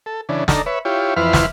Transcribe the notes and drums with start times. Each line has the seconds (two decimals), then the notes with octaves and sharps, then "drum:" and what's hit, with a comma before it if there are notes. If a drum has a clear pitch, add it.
0.06 A4
0.29 C#3 E3 D4
0.48 D4 D#4 A4 A#5, drum: snare
0.66 B4 C#5 E5
0.85 E4 F4 G4 C#5
1.17 F2 E3 E4 B4 C6 F6
1.33 drum: snare